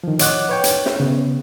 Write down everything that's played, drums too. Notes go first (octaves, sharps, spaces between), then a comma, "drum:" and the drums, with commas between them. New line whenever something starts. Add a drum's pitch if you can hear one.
D#3 F3
C#5 D#5 F#5 D6 F#6, drum: hi-hat
B4 C#5 G5
drum: hi-hat
drum: snare
C#3 B3